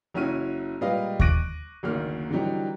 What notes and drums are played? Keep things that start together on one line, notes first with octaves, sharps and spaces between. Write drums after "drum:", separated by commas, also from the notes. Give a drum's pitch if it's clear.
F#1 C#4 E4 F#4 F6 D#7
A#2 G3 G#3 B4 D#5 F5
C#6 D6 F#6 A#6 D7 D#7, drum: kick D#2
F#1 D2 D#3 A#3 F6
D3 E3 F#3 G3 D#4